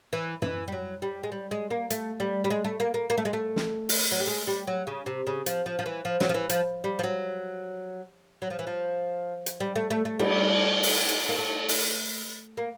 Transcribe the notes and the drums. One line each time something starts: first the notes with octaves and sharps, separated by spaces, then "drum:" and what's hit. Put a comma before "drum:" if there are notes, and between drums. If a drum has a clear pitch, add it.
E3
E3, drum: tom F#2
G3
F#3
G3
G#3
G3
G#3
A#3
A3, drum: hi-hat
G3
G3
G#3
A3
A#3
A#3
A#3
A3
G#3
A3
drum: snare
drum: open hi-hat
F#3
G3
G#3
G3
F#3
C#3
C3
C#3
F3, drum: hi-hat
F3
F3
E3
F3
F#3, drum: snare
F3
E3
F3, drum: hi-hat
G3
F3
F#3
F#3
F3
E3
F3
drum: hi-hat
G3
A3
A3
A3
G3, drum: cymbal
drum: open hi-hat
drum: hi-hat
A#3
A3
drum: open hi-hat
A#3